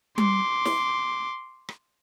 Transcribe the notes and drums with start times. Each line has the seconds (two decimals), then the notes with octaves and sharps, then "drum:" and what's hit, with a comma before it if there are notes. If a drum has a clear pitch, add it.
0.18 C6 D6, drum: tom G3
0.65 drum: snare
1.69 drum: rim click